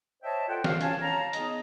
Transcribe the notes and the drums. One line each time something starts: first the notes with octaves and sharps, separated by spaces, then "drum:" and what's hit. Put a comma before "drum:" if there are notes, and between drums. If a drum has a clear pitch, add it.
C5 C#5 D#5 E5 G5 A5
F4 A4 D5 F#5 G5
F#4 G#4 C5 F5, drum: snare
C#4 C#5 F5 G#5 A5, drum: hi-hat
C#5 F5 A5 A#5
B3 D#4 G#4 D#5, drum: hi-hat